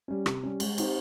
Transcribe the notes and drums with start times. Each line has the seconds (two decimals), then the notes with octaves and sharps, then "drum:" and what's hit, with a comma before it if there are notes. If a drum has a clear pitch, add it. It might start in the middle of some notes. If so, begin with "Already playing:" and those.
0.08 G3 C#4
0.26 C3, drum: rim click
0.43 G3 C#4
0.60 G#3, drum: cymbal
0.78 C4 D#4 G4 C5, drum: cymbal